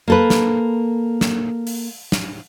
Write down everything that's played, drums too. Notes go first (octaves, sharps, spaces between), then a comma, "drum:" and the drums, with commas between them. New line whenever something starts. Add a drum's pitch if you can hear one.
A#3 A4 B4
drum: snare
drum: snare
drum: open hi-hat
drum: snare